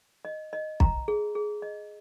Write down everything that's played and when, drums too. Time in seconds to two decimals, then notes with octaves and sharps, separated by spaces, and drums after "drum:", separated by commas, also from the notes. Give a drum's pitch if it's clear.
0.25 D#5
0.53 D#5
0.80 A#5, drum: kick
1.08 G#4
1.35 G#4
1.62 D#5